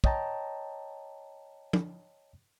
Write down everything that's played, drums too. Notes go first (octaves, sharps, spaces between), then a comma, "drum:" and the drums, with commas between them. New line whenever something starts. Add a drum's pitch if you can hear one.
C#5 D#5 G5 A5 A#5, drum: kick
drum: tom